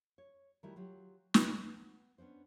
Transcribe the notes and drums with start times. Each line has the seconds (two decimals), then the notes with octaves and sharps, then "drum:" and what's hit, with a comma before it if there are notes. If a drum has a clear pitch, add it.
0.18 C#5
0.63 D#3 G3 A3 E4 F#4 G4
0.76 F#3 F4 G4
1.34 A#2 F#3 G#3, drum: snare
1.59 B3
2.18 B3 C#4 D4 C5